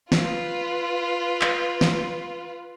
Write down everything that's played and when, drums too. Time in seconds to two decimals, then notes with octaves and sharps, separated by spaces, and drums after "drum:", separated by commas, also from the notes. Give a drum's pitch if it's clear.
0.12 F4 B4, drum: snare
1.41 drum: clap
1.81 drum: snare